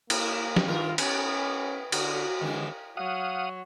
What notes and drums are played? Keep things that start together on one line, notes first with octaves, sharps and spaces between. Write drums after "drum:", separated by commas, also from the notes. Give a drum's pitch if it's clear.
A#3 E4, drum: cymbal
drum: snare
G2 D#3 F4 A#4
B3 C#4, drum: cymbal
D3 F#4, drum: cymbal
F#2 D3 E3 G#3
F#3 F5 F#5 D#6